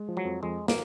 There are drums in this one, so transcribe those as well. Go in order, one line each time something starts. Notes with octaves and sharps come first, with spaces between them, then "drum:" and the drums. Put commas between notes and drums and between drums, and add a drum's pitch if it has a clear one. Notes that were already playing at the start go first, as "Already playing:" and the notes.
Already playing: G#3
F3
F#3
F2
F2 G#3
A#3, drum: snare